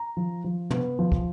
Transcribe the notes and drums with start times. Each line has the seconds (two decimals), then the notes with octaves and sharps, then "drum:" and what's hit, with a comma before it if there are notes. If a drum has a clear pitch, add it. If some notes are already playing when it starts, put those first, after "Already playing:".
Already playing: A#5
0.17 F3
0.44 F3
0.71 B3, drum: tom
0.99 F3
1.12 drum: kick